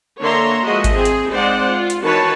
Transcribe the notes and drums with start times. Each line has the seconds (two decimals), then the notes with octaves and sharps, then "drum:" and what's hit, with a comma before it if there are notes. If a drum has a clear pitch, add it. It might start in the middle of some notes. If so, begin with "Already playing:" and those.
0.21 D3 A#3 C#5 E5 A#5 C6
0.63 F3 G#3 F#4 D#5 E5
0.84 drum: kick G#1, hi-hat
0.94 C4 G#4
1.05 drum: hi-hat
1.32 G#3 C4 D#4 C5 D5 F#5
1.70 F4
1.90 drum: hi-hat
2.03 D#3 E3 F#4 B4 C#5 A5